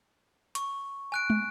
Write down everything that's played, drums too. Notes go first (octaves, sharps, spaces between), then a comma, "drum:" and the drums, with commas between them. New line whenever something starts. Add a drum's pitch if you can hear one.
C#6, drum: hi-hat
G#5 F#6 D7
drum: tom